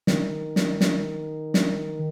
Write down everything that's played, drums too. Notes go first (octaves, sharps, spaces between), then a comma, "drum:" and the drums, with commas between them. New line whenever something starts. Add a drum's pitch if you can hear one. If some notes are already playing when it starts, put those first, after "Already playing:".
D#3, drum: snare
drum: snare
drum: snare
drum: snare